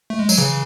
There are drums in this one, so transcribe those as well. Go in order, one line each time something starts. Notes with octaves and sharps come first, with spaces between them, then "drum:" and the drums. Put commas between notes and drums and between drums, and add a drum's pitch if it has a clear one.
A3
G#3
F#3, drum: tambourine
C#3 E3